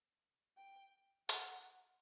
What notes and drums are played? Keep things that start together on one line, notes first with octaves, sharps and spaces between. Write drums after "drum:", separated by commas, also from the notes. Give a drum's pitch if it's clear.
G5
F#5, drum: hi-hat